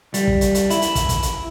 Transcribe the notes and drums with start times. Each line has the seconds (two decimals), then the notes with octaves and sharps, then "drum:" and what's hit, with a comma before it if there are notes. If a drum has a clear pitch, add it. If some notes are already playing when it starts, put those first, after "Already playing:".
0.14 G3, drum: hi-hat
0.27 drum: kick
0.41 drum: hi-hat
0.55 drum: hi-hat
0.70 E4, drum: hi-hat
0.82 drum: hi-hat
0.95 drum: kick, hi-hat
1.09 drum: kick, hi-hat
1.23 drum: hi-hat